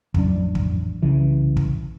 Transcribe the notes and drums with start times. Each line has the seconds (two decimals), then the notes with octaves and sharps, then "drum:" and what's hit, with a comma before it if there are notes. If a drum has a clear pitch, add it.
0.14 A1 F2 F#3 D4, drum: kick
0.55 drum: kick
1.02 C2 C#3 E3
1.57 drum: kick